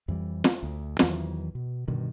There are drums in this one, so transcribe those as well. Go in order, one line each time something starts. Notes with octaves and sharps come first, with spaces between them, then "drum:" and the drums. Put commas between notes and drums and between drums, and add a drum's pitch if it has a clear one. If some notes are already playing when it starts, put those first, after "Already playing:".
F2 E3 G3
drum: snare
D2
E2 D#3 E3 F#3, drum: snare
B2
G2 B2 D3 D#3